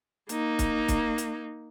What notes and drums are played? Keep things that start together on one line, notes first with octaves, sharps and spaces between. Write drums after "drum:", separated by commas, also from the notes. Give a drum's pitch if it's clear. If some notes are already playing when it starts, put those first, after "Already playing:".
A#3 D#4, drum: hi-hat
drum: kick, hi-hat
drum: kick, hi-hat
drum: hi-hat